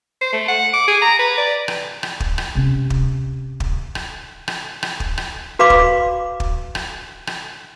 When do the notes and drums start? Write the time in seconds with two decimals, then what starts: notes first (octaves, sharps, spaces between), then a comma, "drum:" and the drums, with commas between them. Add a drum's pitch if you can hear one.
0.21 C5
0.33 A3
0.48 F#5
0.73 D6
0.88 G#4
1.02 A#5
1.19 B4
1.38 D5
1.68 drum: rim click
2.03 drum: rim click
2.20 drum: kick
2.38 drum: rim click
2.55 C3 C#4
2.90 drum: kick
3.60 drum: kick
3.95 drum: rim click
4.48 drum: rim click
4.83 drum: rim click
5.00 drum: kick
5.18 drum: rim click
5.59 F#4 B4 F5 B5 C6 D6
5.70 drum: kick
6.40 drum: kick
6.75 drum: rim click
7.27 drum: rim click